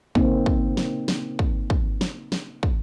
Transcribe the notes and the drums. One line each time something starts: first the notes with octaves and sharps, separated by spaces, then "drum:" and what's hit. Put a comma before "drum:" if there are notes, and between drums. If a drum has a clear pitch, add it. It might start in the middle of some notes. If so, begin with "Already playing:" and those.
C#3 A#3 C4 D#4, drum: kick
drum: kick
drum: snare
drum: snare
drum: kick
drum: kick
drum: snare
drum: snare
drum: kick